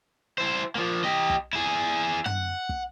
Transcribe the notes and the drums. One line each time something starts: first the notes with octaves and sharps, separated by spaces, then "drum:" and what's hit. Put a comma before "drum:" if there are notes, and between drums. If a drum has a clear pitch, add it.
E4 C5
F3 A#3
G4 D#5
drum: kick
E4 G#4
F#5, drum: tom
drum: kick